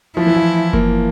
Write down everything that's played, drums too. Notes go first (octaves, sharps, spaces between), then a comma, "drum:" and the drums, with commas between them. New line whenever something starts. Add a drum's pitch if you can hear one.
F3 E4
E3
F3
A#3, drum: kick F#1